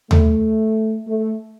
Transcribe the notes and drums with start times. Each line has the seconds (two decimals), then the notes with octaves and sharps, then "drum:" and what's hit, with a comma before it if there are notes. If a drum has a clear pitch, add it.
0.11 A3, drum: tom D#2
1.06 A3